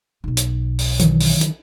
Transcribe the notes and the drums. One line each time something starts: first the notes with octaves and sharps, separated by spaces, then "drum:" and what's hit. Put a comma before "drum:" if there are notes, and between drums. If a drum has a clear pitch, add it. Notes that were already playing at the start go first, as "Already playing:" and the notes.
B1 B2
drum: hi-hat
drum: open hi-hat
D#3 E3 F#3, drum: hi-hat
drum: open hi-hat
drum: hi-hat